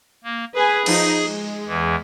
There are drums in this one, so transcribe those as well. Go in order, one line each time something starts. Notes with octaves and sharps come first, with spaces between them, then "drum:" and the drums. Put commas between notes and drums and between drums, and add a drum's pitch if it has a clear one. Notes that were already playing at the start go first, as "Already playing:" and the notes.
A#3
G#4 B4 G#5
F3 D#4, drum: cymbal
G#3
E2 E3